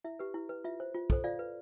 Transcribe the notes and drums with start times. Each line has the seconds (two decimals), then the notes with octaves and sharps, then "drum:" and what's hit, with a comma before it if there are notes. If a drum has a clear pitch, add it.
0.04 E4 E5
0.19 G4 B4
0.34 E4
0.49 B4
0.64 F4 E5
0.80 C5
0.94 F4
1.10 A4 C5, drum: kick
1.24 F4 D5 F5
1.39 B4